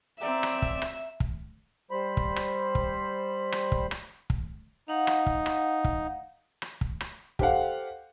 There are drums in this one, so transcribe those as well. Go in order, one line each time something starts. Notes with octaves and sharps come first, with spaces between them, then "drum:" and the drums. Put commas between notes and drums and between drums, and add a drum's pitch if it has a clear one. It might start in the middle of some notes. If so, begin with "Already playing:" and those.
C4 D5 E5 G#5 A#5
drum: rim click
drum: kick
drum: rim click
drum: kick
G3 C5 B5
drum: kick
drum: rim click
drum: kick
drum: rim click
drum: kick
drum: rim click
drum: kick
D#4 F5 F#5
drum: rim click
drum: kick
drum: rim click
drum: kick
drum: rim click
drum: kick
drum: rim click
G4 A4 C5 F5 F#5, drum: kick